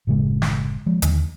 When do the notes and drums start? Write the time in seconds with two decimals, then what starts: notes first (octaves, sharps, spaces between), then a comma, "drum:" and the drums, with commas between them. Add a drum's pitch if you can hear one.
0.07 F#1 A2 C#3 G#3
0.42 drum: snare
0.86 F3 G#3
1.02 D#2 D3, drum: hi-hat